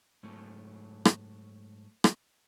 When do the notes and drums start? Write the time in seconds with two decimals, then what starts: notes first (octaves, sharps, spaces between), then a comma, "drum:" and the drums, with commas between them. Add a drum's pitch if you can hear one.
0.23 G#2 F#3 A3
1.05 drum: rim click
2.04 drum: rim click